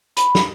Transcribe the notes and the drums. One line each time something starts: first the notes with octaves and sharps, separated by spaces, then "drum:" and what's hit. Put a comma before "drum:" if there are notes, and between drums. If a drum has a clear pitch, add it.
B5, drum: hi-hat
drum: snare